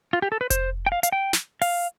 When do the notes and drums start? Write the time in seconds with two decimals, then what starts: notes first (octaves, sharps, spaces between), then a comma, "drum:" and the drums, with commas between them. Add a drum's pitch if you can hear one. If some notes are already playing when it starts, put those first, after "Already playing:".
0.13 F4
0.22 G4
0.32 A4
0.41 B4
0.50 C5, drum: kick F1, hi-hat
0.86 G5
0.92 F5
1.03 F5, drum: hi-hat
1.12 G5
1.33 drum: snare
1.62 F5, drum: open hi-hat